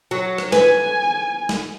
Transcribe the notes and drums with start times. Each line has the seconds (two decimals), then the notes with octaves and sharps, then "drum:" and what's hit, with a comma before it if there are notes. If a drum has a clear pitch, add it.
0.11 F#3
0.38 drum: rim click
0.52 B4 G#5, drum: snare
1.49 drum: snare